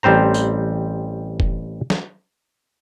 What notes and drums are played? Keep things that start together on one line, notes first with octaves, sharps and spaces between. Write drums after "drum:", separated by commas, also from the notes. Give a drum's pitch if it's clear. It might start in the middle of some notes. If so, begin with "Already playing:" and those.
A1 G3 C4 C5 A#5
drum: tambourine
drum: kick F1
drum: snare